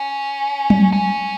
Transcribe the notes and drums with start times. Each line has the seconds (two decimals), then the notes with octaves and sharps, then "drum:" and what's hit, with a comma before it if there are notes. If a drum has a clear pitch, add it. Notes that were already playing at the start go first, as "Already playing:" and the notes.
Already playing: C#4
0.70 drum: tom F#3
0.93 C#4